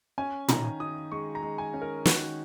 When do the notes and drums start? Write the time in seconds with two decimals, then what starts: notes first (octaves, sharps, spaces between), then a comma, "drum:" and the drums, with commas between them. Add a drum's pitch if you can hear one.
0.18 C#4 G#5
0.48 D#3 A#5, drum: tom
0.80 D#3 D#6
1.12 G#3 C#6
1.35 A#5
1.43 G#3
1.58 G#5
1.74 C#4
1.82 A#4
2.06 D#3 F#4, drum: snare